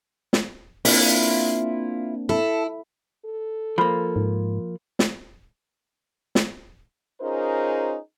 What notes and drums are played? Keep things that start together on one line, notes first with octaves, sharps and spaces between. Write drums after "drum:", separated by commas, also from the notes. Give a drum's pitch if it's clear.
drum: snare
A#3 C4 D4 E4 F4, drum: open hi-hat
E4 A4
A4
F3 A#3 B5
G#2
drum: snare
drum: snare
C#4 D#4 F4 G#4 A#4 C5